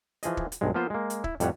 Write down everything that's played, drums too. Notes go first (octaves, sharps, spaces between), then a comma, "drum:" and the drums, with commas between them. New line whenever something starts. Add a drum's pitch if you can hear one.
E3 F3 G#4 D#5, drum: hi-hat
drum: kick
drum: hi-hat
B1 G2 G#3
F3 A#3 B3 F4 C5
G#3 A#3
drum: hi-hat
E4, drum: kick
F2 A2 G3 C#5 F#5, drum: hi-hat